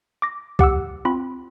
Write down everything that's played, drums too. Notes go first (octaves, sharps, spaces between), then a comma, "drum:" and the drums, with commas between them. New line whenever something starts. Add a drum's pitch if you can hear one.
D6 A#6
G4 F#5 D6 E6, drum: kick B1
C4 F4 B5